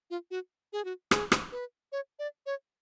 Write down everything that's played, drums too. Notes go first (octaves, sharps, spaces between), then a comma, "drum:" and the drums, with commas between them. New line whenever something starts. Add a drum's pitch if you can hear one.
F4
F#4
G#4
F#4
G#4, drum: rim click
drum: rim click
B4
C#5
D5
C#5